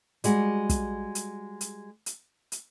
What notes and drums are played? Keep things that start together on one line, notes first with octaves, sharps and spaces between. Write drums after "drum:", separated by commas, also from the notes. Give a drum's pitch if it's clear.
G3 G#3 F#4, drum: hi-hat
drum: kick, hi-hat
drum: hi-hat
drum: hi-hat
drum: hi-hat
drum: hi-hat